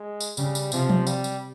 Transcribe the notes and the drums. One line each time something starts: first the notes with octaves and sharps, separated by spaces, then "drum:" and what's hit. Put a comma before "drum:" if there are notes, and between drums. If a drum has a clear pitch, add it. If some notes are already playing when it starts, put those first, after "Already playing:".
Already playing: G#3
drum: tambourine
C#3 G3, drum: tambourine
drum: tambourine
C3 F3, drum: tambourine
drum: tom F3
G3, drum: tambourine
drum: tambourine